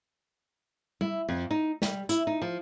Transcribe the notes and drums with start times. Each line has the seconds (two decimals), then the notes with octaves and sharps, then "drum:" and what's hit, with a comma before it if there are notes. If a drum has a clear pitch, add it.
1.01 E4, drum: tom G3
1.29 F2
1.51 D#4
1.82 G3, drum: snare
2.09 E4, drum: hi-hat
2.27 D#4
2.42 F3